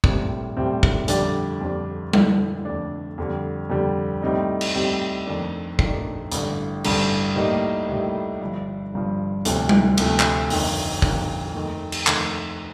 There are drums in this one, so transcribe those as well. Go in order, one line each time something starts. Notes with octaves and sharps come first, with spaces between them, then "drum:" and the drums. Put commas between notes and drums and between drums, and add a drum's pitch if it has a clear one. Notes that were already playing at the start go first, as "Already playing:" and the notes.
A#1 A2 G3 C4, drum: kick
A#1 A2 G3 C4
drum: kick
F2 D3 G3 D4, drum: hi-hat
F2 D3 G3 D4
F2 D3 A3 D4, drum: tom G3
F2 D3 A3 D4
F2 D3 G3
F2 D3 G3
A2 G3 C4 D#4
drum: cymbal
A2 G3 C4 D#4
F2 D#3 A3 D4
F2 D#3 A3 D4, drum: kick
A1 G2 D3, drum: hi-hat
A1 G2 D3, drum: cymbal
A2 G3 A#3 D#4
A2 G3 A#3 D#4
G1 G2 F3
G1 G2 F3
D2 C3 F3 A3, drum: hi-hat
drum: tom G3
D2 C3 F3 A3, drum: cymbal
drum: clap
G1 F2 D#3, drum: open hi-hat
G1 F2 D#3, drum: kick
F2 D#3 A3
drum: cymbal
F2 D#3 A3, drum: clap